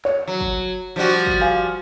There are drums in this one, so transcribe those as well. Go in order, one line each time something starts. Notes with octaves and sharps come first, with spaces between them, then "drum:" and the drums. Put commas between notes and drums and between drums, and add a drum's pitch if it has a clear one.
C#5, drum: clap
F#3
drum: kick
F3 G3 F#4
drum: kick
F5 G#5